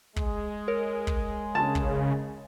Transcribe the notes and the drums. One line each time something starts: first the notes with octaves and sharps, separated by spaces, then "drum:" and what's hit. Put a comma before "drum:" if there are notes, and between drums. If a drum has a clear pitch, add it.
G#3, drum: kick
A#4 C#5
drum: kick
C#3 A5
drum: kick